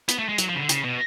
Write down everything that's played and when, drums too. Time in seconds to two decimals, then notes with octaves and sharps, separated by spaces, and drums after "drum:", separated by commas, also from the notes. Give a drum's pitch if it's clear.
0.09 B3, drum: hi-hat
0.19 A3
0.29 G#3
0.38 F#3, drum: hi-hat
0.49 F3
0.55 C#3
0.59 D3
0.69 C#3, drum: hi-hat
0.84 B2